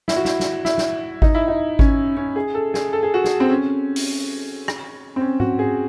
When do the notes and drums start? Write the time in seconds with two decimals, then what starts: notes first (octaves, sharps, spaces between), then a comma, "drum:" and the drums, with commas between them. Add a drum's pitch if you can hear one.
0.08 E4, drum: snare
0.16 F#4
0.25 E4, drum: snare
0.40 drum: snare
0.65 E4, drum: snare
0.78 drum: snare
1.22 D#4, drum: kick G#1
1.35 E4
1.48 D#4
1.79 C#4, drum: kick G#1
2.17 C#4
2.36 G#4
2.55 A4
2.74 G#4, drum: snare
2.93 A4
3.03 G#4
3.14 F#4
3.24 G#4, drum: snare
3.40 C4
3.50 C#4
3.96 drum: open hi-hat
4.68 drum: rim click
5.16 C4
5.21 C#4
5.40 F#4, drum: tom G#2
5.59 G#4